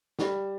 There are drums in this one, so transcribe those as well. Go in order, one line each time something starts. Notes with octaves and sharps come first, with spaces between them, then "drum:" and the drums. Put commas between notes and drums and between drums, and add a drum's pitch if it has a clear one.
G3, drum: snare